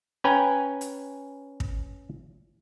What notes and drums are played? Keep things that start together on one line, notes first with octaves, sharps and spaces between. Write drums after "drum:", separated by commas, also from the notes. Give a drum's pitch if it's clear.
C#4 B4 G5 G#5 A#5
drum: hi-hat
drum: kick